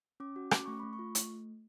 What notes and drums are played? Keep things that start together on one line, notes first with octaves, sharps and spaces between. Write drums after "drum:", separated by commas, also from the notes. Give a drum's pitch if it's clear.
C#4 D6
F#4
C#4 D6, drum: rim click
A3 C#6
A3 B5
C#6
F4
A3, drum: hi-hat